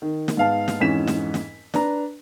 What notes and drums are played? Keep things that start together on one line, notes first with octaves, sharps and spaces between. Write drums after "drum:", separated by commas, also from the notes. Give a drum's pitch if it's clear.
D#3
drum: snare
G#2 B3 F5 A5
drum: snare
F2 G#2 E3 C#4 B6 E7
drum: snare
drum: snare
D4 B4 A#5, drum: snare